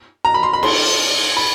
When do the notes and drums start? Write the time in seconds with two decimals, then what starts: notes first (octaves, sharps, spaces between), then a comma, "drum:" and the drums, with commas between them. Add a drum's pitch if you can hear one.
0.25 A#5
0.34 B5
0.43 C6
0.53 B5
0.63 C6, drum: cymbal
1.37 B5